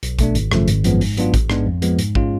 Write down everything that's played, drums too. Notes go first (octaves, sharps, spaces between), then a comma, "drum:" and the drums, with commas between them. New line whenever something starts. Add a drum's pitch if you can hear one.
B1, drum: hi-hat
B2 A3 D4, drum: kick A1, hi-hat
G#1, drum: hi-hat
F#2 C#3 F3 A3, drum: rim click
G#1, drum: hi-hat
F#2 F3 G#3 B3, drum: hi-hat
G#2, drum: open hi-hat
F#3 B3 D4 F4, drum: hi-hat
A1, drum: kick A1, hi-hat
G#2 G#3 B3 D4, drum: rim click
F2
F3 G#3 B3, drum: hi-hat
G#2, drum: hi-hat
G#3 C#4 F4, drum: kick A1